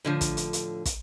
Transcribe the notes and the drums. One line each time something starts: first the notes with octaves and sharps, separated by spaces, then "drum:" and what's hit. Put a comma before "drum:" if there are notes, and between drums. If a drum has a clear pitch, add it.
A2 D3 F3
drum: kick, hi-hat
drum: hi-hat
drum: hi-hat
drum: kick, hi-hat